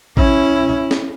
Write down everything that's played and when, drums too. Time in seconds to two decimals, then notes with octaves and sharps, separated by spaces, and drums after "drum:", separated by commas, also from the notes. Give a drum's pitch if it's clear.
0.17 C#4 E4, drum: kick A1
0.91 drum: snare